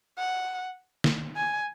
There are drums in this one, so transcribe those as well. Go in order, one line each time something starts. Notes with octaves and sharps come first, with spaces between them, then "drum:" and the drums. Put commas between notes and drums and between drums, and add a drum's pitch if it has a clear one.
F#5
drum: snare
G#5